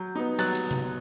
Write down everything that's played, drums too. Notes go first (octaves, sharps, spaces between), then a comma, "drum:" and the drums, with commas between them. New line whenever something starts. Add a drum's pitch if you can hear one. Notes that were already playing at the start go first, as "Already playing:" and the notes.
Already playing: F#3 G6
B3 D#4
F#3 F#6 A6, drum: hi-hat
drum: hi-hat
drum: tom C3